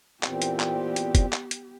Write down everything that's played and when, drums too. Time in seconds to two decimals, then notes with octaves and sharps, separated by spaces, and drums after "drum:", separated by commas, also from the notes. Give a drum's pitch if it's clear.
0.23 E2 A#2 B3 C4 G4, drum: clap
0.42 drum: hi-hat
0.60 drum: clap
0.96 drum: hi-hat
1.15 drum: kick, hi-hat
1.33 drum: clap
1.51 drum: hi-hat